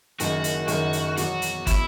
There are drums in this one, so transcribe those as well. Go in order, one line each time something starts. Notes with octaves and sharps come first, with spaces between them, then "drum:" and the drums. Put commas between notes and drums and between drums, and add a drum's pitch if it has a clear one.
F#1 F#2 D#3 F#4, drum: hi-hat
drum: hi-hat
F#1 F#2 D#3 F#4, drum: hi-hat
drum: hi-hat
E2 B2 F#3 F#4, drum: hi-hat
drum: hi-hat
B2 F#3 E4, drum: kick, hi-hat